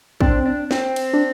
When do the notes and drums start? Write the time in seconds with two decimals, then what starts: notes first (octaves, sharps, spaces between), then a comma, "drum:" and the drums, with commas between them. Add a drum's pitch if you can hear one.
0.21 C4 D4, drum: kick
0.46 D4
0.71 C4, drum: snare
0.96 drum: cymbal
1.14 D4